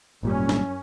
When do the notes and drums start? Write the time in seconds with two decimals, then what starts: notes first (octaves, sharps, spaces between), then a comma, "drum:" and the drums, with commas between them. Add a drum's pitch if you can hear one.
0.23 G#1 F#2 A#2 G3 C#4
0.49 drum: snare